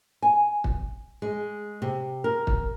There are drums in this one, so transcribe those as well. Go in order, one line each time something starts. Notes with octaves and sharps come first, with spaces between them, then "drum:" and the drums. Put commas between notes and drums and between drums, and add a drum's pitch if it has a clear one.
G#5
drum: kick
G#3
C3
A#4
drum: kick